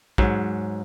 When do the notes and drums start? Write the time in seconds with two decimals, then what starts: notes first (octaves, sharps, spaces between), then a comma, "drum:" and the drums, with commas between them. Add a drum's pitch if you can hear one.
0.18 G#2 F#3, drum: kick A#1